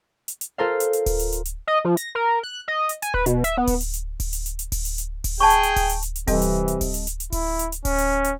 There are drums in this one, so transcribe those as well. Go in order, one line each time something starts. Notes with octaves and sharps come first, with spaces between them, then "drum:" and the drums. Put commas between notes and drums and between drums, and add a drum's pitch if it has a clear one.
drum: hi-hat
drum: hi-hat
F4 A4 A#4 C5 F5
drum: hi-hat
drum: hi-hat
drum: kick D1, open hi-hat
drum: hi-hat
drum: hi-hat
drum: hi-hat
D#5
F3
A#6, drum: hi-hat
A#4
F#6
D#5
drum: hi-hat
G#5, drum: hi-hat
B4, drum: kick D1
B2, drum: hi-hat
E5, drum: hi-hat
B3
drum: kick D1, open hi-hat
drum: hi-hat
drum: hi-hat
drum: kick D1, open hi-hat
drum: hi-hat
drum: hi-hat
drum: hi-hat
drum: kick D1, open hi-hat
drum: hi-hat
drum: hi-hat
drum: kick D1, open hi-hat
G#4 G5 A5 C#6
drum: hi-hat
drum: hi-hat
drum: kick D1, open hi-hat
drum: hi-hat
drum: hi-hat
drum: hi-hat
C3 E3 G3 C4 G4 A4 D#5, drum: kick D1, open hi-hat
drum: hi-hat
drum: hi-hat
drum: kick D1, open hi-hat
drum: hi-hat
drum: hi-hat
drum: hi-hat
E4, drum: kick D1, open hi-hat
drum: hi-hat
drum: hi-hat
C#4, drum: kick D1, open hi-hat
drum: hi-hat
drum: hi-hat